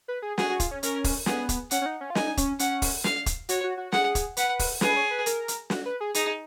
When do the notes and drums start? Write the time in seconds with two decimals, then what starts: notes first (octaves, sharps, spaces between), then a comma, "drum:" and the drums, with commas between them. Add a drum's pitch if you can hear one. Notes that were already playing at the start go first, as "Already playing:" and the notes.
0.08 B4
0.22 G#4
0.38 F#4 G#4, drum: snare
0.49 F#4
0.60 F4, drum: kick, hi-hat
0.71 C#4
0.83 C#4 A#4, drum: hi-hat
1.04 drum: kick, open hi-hat
1.26 B3 G#4, drum: snare
1.49 drum: kick, hi-hat
1.71 C#4 F#5, drum: hi-hat
1.81 C#4
1.86 D#4
2.01 C#4
2.10 F4
2.15 D#4 G#5, drum: snare
2.37 C#4, drum: kick, hi-hat
2.59 C#4 F#5, drum: hi-hat
2.82 drum: kick, open hi-hat
3.04 F5, drum: snare
3.26 drum: kick, hi-hat
3.49 F#4 C#5, drum: hi-hat
3.64 F#4
3.77 F#4
3.92 G#4 F#5, drum: snare
4.15 drum: kick, hi-hat
4.37 B4 F#5, drum: hi-hat
4.59 drum: kick, open hi-hat
4.81 G#4 B4, drum: snare
4.96 C#5
5.11 B4
5.26 A#4, drum: hi-hat
5.48 drum: hi-hat
5.70 F#4, drum: snare
5.86 B4
6.01 G#4
6.14 D#4 G#4, drum: hi-hat